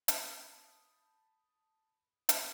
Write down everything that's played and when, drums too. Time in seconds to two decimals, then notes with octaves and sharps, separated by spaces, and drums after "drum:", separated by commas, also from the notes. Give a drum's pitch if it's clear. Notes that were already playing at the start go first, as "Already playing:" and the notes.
0.08 A5 B5 D#6 G6, drum: hi-hat
2.29 drum: hi-hat